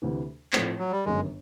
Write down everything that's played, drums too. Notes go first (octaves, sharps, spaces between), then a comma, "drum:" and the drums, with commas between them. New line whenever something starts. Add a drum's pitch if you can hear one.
D2 C3 E3
A2 F3 A3 C4, drum: clap
F#3
G3
G1 F#2 D#3 G#3